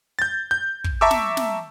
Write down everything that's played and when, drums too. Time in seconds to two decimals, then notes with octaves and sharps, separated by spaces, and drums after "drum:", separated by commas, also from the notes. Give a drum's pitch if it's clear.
0.19 G6 A6
0.51 G6
0.84 drum: kick
1.01 E5 A5 A#5 C#6 D6 E6
1.11 drum: snare
1.37 drum: snare